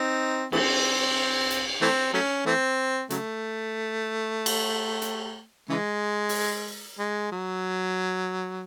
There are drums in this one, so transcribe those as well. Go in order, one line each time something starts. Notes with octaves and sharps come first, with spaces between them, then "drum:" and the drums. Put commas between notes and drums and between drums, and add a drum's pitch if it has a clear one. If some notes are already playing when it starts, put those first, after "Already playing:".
Already playing: C4 D#4
E3 A3 C4, drum: cymbal
drum: hi-hat
E3 A3 C4
F#3 A3 C#4
E3 A3 C4
C#3 F#3 A3, drum: hi-hat
drum: cymbal
drum: hi-hat
C#3 E3 G#3
drum: open hi-hat
G#3
F#3